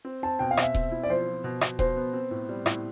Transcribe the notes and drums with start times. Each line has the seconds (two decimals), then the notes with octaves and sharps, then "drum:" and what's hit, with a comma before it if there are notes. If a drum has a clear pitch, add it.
0.05 C4
0.23 C4 A5
0.39 B2 G5
0.51 F5
0.57 B2, drum: rim click
0.62 E5
0.74 C4, drum: kick D#1
0.92 E4
1.03 D5
1.09 F3 C5
1.27 F3
1.44 B2
1.61 B2, drum: rim click
1.79 B2 C5, drum: kick D#1
1.97 B3
2.13 C4
2.31 A2
2.49 G3
2.66 A2, drum: rim click